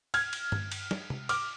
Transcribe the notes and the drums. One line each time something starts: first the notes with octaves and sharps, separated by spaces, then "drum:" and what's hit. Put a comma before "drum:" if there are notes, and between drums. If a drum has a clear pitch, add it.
F6 G#6, drum: cymbal
drum: cymbal
drum: tom G2
drum: cymbal
drum: snare
drum: tom C3
D6 F6, drum: cymbal